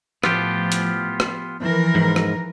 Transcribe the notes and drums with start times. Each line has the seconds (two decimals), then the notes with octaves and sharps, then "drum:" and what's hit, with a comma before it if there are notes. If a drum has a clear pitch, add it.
0.23 A2 F3 B3 F4 G4, drum: rim click
0.72 drum: hi-hat
1.20 drum: rim click
1.61 E3 F3 A#4
1.95 G#2
2.16 drum: rim click